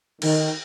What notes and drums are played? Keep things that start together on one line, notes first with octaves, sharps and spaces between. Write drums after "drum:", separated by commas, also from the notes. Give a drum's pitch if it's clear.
D#3, drum: cymbal